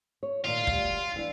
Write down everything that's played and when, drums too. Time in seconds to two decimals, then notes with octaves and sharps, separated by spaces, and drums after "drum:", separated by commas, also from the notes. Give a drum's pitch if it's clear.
0.23 C#5
0.44 A#2 D#3 F4
0.67 D2 G3, drum: kick
1.16 E3 D4